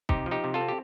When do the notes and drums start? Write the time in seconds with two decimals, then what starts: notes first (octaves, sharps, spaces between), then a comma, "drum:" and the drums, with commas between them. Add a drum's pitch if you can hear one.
0.09 C3 D#4 G4, drum: kick
0.26 F3
0.31 D#4 G4
0.44 C3
0.54 F4 A4
0.61 C4
0.68 G4